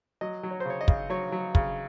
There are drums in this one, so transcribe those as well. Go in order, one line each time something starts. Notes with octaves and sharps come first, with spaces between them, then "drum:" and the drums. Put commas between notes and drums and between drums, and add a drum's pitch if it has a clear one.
F#3 D#5
F#3
C#5
C5
C#3 C#5
D#5
C#3, drum: kick
F#3 C#5
F#3
C#3, drum: kick